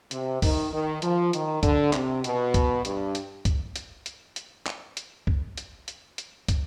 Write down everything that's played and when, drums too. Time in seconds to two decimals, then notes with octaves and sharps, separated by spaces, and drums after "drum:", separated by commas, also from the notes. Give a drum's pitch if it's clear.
0.11 C3, drum: hi-hat
0.42 D#3, drum: kick, open hi-hat
0.72 D#3
1.02 F3, drum: hi-hat
1.33 D#3, drum: hi-hat
1.63 D3, drum: kick, hi-hat
1.93 C3, drum: clap
2.24 B2, drum: hi-hat
2.54 drum: kick, hi-hat
2.85 G2, drum: hi-hat
3.15 drum: hi-hat
3.45 drum: kick, hi-hat
3.76 drum: hi-hat
4.06 drum: hi-hat
4.36 drum: hi-hat
4.67 drum: clap
4.97 drum: hi-hat
5.27 drum: kick
5.57 drum: hi-hat
5.88 drum: hi-hat
6.18 drum: hi-hat
6.48 drum: kick, hi-hat